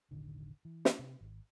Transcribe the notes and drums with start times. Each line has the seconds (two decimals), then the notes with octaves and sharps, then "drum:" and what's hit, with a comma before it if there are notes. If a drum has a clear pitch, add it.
0.11 E1 A1 D3 D#3
0.65 E3
0.85 drum: snare
0.99 C3
1.21 G#1